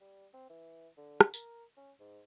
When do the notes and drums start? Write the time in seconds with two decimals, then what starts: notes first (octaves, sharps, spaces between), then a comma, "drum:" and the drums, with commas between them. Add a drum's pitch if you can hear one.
0.01 G3
0.34 C4
0.50 E3
0.97 D3
1.21 drum: rim click
1.34 A#4, drum: tambourine
1.77 C#4
2.00 G#2